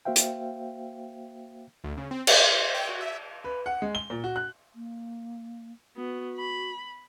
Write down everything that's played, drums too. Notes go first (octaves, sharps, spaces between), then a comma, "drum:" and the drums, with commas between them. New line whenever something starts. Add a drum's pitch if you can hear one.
A#3 F#4 C5 E5 F5 G5
drum: hi-hat
D2
C#3
C4
C5, drum: cymbal
F4
C5
G5
F#4
E5
B4
F#5
G#3
G7
A#2
F#4
F#6
A#3
B3 F#4
B5